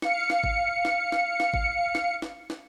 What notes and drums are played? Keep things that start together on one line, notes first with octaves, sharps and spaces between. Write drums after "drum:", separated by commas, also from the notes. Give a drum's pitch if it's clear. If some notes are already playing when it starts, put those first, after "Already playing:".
F5 C#7, drum: snare
drum: snare
drum: kick G#1
drum: snare
drum: snare
drum: snare
drum: kick G#1
drum: snare
drum: snare
drum: snare